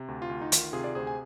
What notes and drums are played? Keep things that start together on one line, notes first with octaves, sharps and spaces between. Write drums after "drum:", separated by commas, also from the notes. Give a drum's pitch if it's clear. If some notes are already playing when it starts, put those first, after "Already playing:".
Already playing: C3
D2
F4
D2
D#4
D#3 F4, drum: hi-hat
C3 F4 G#4
D5
D2 G#4 C5
G#5